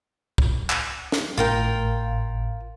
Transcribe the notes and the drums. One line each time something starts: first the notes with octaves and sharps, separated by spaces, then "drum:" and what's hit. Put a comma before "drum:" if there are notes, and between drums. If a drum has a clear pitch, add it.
drum: kick
drum: clap
drum: snare
G#1 A2 F4 A#4 F5 G5